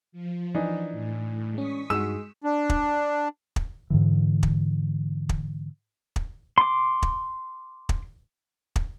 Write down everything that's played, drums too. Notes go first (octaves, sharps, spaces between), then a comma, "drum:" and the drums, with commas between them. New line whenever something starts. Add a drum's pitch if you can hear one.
F3
E3 D4 D#4
A2
G#3 C#4 C#6 D#6 B6
G2 G#3 D#4 F#4 E6 E7
D4
drum: kick
drum: kick
G#2 D3 E3
drum: kick
drum: kick
drum: kick
C6 D6
drum: kick
drum: kick
drum: kick